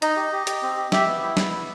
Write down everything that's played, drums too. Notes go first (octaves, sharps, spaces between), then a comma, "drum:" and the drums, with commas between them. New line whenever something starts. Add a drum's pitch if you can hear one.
D#4 D#5, drum: hi-hat
G4
G4
G4, drum: hi-hat
C4
G4
G4 E5, drum: snare
B3
E4
B3, drum: snare
E4